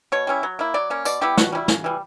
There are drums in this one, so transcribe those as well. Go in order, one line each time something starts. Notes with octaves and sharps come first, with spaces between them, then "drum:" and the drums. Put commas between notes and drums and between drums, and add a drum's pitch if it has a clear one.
B2 C#5
G3 C#4 E4
F#3
A#3 E4
F#3 D5
A#3 C#4
B2 D5, drum: tambourine
G3 B3 E4 G4
B2 F#4, drum: snare
G3 C#4 E4
C#3, drum: snare
E3 G3